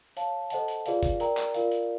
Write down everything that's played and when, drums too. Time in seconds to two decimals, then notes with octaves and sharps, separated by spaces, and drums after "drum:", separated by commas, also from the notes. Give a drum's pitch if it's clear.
0.17 C#5 F5 A5, drum: hi-hat
0.50 A4 C5 D#5 F#5 A5, drum: hi-hat
0.68 drum: hi-hat
0.86 F4 G#4 B4 D5 F5, drum: hi-hat
1.03 drum: kick F#1, hi-hat
1.20 A#4 D5 G5 A#5, drum: hi-hat
1.37 drum: clap
1.54 F4 A#4 D5 F5, drum: hi-hat
1.72 drum: hi-hat